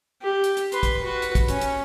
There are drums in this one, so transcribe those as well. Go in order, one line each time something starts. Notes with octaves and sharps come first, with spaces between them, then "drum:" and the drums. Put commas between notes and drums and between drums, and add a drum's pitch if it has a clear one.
G4
drum: hi-hat
drum: hi-hat
B4 C6, drum: hi-hat
drum: kick, hi-hat
F#4 B4
drum: hi-hat
drum: kick, hi-hat
C#4, drum: hi-hat
drum: hi-hat